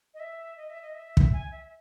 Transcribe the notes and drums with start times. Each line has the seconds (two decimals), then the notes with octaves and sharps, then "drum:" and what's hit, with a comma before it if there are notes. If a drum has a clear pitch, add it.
0.14 D#5
0.20 E5
0.57 D#5
0.70 E5
0.82 D#5
0.95 E5
1.17 drum: kick
1.33 G#5
1.51 E5